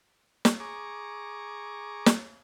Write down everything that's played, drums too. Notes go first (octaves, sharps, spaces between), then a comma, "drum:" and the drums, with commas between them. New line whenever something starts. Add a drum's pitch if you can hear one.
drum: snare
G#4 A#5 C#6 D6
drum: snare